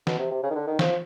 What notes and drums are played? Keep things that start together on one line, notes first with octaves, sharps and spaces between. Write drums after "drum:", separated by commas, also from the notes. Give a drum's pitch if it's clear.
B2, drum: snare E3
C3
C3
C#3
D#3
D3
D#3
F3, drum: snare E3